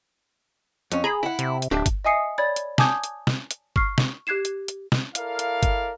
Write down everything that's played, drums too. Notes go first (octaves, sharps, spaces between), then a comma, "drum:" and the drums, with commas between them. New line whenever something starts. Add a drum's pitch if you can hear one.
F2 C#4, drum: hi-hat
G#4 A#5 B5
E4 F#5
C3, drum: hi-hat
drum: hi-hat
D1 D4 G4 E5
drum: kick G1, hi-hat
D#5 E5 G#5 D#6 C7 C#7
C#5 D5 B5 G#6 A6
drum: hi-hat
G#5 A5 D6 D#6 G6 G#6, drum: snare
drum: hi-hat
drum: snare
drum: hi-hat
C#6 F6 C7, drum: kick G1
drum: snare
G4 F#6 G#6 C7 E7
drum: hi-hat
drum: hi-hat
drum: snare
E4 A4 A#4 D5 F5, drum: hi-hat
drum: hi-hat
drum: kick G1, hi-hat